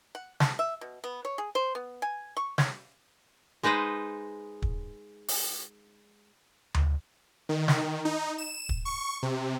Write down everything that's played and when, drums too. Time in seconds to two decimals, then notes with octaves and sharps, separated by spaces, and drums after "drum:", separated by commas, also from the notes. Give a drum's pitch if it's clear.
0.15 F#5
0.40 A5, drum: snare
0.59 E5
0.81 B2
1.04 B3
1.25 C#5
1.38 G#4
1.55 C5
1.75 B3
2.02 G#5
2.37 C#6
2.58 C#5, drum: snare
3.63 G#3 D#4 B4 C5 D#5
4.62 drum: kick
5.28 drum: open hi-hat
6.74 drum: tom D2
7.49 D#3
7.68 drum: snare
8.05 D#4
8.38 E7
8.69 drum: kick
8.85 C#6
9.23 C3